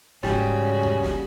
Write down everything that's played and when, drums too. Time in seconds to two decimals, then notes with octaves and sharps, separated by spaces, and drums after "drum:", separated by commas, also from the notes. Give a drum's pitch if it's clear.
0.23 G#2 C#3 G3 C#4 F#4, drum: snare
0.83 drum: tom C#2
1.03 drum: snare